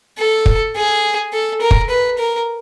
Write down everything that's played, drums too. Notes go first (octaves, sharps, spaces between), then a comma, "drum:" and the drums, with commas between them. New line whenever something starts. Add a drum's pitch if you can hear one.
A4
drum: kick
G#4
A4
A#4
drum: kick
B4
A#4